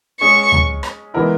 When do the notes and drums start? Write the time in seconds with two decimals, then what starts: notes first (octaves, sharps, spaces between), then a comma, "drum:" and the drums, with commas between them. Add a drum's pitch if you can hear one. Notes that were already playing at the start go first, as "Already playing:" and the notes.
0.20 G#3 C#4 G#4 C#6
0.52 drum: tom D2
0.83 drum: rim click
1.14 E3 G#3 B3 E4 A#4